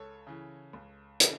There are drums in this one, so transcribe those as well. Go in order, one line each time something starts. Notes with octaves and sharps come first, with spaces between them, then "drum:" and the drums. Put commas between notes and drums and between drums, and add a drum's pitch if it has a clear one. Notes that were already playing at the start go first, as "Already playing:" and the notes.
Already playing: C#2 A4 C#5
C#3 E3
C#2
C#3 E3, drum: hi-hat